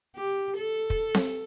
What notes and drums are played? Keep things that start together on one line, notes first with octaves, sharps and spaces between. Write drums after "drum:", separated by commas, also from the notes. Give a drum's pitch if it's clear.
G4
A4
drum: kick
drum: snare C4